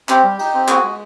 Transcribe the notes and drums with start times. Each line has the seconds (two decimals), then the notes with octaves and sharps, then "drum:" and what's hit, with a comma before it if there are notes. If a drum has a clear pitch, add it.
0.09 C4 G4, drum: clap
0.23 G3
0.39 D#4, drum: cymbal
0.54 C4
0.68 F#4 G#4, drum: clap
0.83 G#3